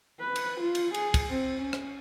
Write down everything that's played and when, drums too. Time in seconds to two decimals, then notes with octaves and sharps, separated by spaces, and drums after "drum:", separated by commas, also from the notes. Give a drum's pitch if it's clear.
0.20 B4
0.36 drum: cymbal
0.61 F4
0.75 drum: cymbal
0.94 G#4, drum: cymbal
1.14 drum: kick, cymbal
1.29 C4
1.61 C#4
1.73 drum: rim click